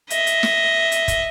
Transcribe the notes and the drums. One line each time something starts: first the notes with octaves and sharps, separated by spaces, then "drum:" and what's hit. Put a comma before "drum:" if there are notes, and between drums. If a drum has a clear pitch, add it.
D#5 E5, drum: hi-hat
drum: hi-hat
drum: snare
drum: hi-hat
drum: kick, hi-hat